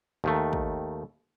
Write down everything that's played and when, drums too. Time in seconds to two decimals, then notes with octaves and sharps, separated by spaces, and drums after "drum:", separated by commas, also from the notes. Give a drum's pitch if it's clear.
0.24 D#2 D#3 A3
0.53 drum: kick